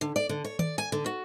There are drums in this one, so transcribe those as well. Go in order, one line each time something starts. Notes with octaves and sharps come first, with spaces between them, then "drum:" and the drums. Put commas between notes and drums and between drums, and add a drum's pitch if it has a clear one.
D3
D5
D3
C#5
D5, drum: tom D#3
G#5
D3
F#4